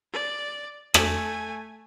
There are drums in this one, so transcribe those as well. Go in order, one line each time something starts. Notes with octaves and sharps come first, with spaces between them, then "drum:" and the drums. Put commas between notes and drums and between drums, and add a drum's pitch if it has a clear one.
D5
A3 G#5, drum: rim click